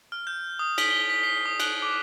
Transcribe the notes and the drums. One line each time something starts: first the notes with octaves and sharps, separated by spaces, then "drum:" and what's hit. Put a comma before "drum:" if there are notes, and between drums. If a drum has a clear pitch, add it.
F6
G6
D#6
B6, drum: cymbal
G7
B6
C7
D#6
F#6, drum: cymbal
D6